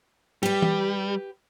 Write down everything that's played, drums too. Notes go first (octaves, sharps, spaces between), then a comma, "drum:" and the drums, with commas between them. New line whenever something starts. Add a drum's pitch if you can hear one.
G3 G4 B4
drum: tom E3